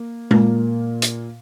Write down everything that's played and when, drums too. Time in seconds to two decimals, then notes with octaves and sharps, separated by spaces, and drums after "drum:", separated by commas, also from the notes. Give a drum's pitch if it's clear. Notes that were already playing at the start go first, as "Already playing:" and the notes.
Already playing: A#3
0.31 A#2 A#3, drum: tom G#3
1.02 drum: hi-hat